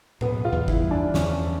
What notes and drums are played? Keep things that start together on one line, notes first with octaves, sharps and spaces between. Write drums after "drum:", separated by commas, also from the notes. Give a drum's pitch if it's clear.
B2 B3, drum: tom A2
F4
E2
E4, drum: kick
G3
D4
E2 C#4, drum: snare